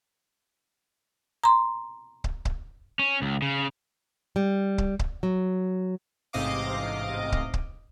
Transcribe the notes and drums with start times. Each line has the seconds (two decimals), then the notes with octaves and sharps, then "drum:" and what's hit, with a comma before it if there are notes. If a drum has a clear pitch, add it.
1.44 A#5 C6
2.24 drum: kick
2.45 drum: kick
2.99 C#4
3.22 C#2
3.42 C#3
4.36 G3
4.78 drum: kick
4.99 drum: kick
5.23 F#3
6.33 A1 G#2 C3 D#5 F5 D6
7.32 drum: kick
7.54 drum: kick